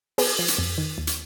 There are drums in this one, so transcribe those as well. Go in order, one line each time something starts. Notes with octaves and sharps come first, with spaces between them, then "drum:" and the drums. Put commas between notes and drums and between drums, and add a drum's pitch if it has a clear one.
B3 G#4 B4, drum: open hi-hat
F3
drum: hi-hat
F2
D#3
D#2
drum: hi-hat